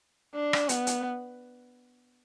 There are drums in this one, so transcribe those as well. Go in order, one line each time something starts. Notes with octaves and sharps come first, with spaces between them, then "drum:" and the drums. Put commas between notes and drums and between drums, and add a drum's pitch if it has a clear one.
D4
drum: rim click
B3, drum: hi-hat
drum: hi-hat